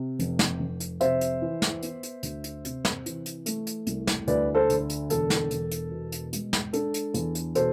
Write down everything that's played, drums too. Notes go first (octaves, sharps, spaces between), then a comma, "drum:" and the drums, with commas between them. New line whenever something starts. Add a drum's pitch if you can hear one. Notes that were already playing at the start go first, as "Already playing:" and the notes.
Already playing: C3
F1, drum: hi-hat
drum: snare
F1
drum: hi-hat
C3 C5 E5, drum: hi-hat
drum: hi-hat
E3
drum: snare
B3, drum: hi-hat
drum: hi-hat
D2, drum: hi-hat
drum: hi-hat
C3, drum: hi-hat
drum: snare
E3, drum: hi-hat
drum: hi-hat
A3, drum: hi-hat
drum: hi-hat
C2, drum: hi-hat
drum: snare
D2 B4 D5, drum: hi-hat
A4 C5
D3, drum: hi-hat
drum: hi-hat
E1 A4, drum: hi-hat
drum: snare
E1, drum: hi-hat
drum: hi-hat
B2
drum: hi-hat
G#3, drum: hi-hat
drum: snare
D4 A4, drum: hi-hat
drum: hi-hat
E2, drum: hi-hat
drum: hi-hat
B2 A4 C5, drum: hi-hat